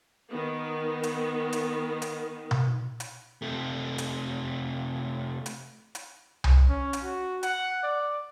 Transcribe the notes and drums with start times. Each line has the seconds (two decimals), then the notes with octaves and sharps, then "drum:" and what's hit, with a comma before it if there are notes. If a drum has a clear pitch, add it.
0.30 D#3 B3
1.03 drum: hi-hat
1.53 drum: hi-hat
2.02 drum: hi-hat
2.51 drum: tom B2
3.00 drum: hi-hat
3.42 C3 A3
3.98 drum: hi-hat
5.46 drum: hi-hat
5.95 drum: hi-hat
6.44 drum: tom C2
6.69 C#4
6.93 drum: hi-hat
7.03 F#4
7.43 F#5, drum: hi-hat
7.83 D5